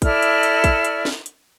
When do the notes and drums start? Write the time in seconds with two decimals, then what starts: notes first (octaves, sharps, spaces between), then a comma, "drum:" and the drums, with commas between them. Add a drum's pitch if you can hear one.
0.02 E4 A4 D5 F6, drum: kick, hi-hat
0.22 drum: hi-hat
0.43 drum: hi-hat
0.64 drum: kick, hi-hat
0.85 drum: hi-hat
1.05 drum: snare
1.26 drum: hi-hat